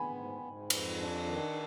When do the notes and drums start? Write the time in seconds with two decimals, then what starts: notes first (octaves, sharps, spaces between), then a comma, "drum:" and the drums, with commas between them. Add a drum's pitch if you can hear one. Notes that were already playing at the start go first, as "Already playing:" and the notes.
Already playing: B3 G#5 B5
0.14 G#2
0.42 G#2
0.70 F2, drum: cymbal
0.98 D4
1.27 D#3